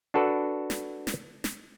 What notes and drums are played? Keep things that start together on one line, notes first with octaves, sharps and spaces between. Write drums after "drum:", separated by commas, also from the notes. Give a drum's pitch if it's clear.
D4 F#4 A4 B4 D5
drum: snare
drum: snare
drum: snare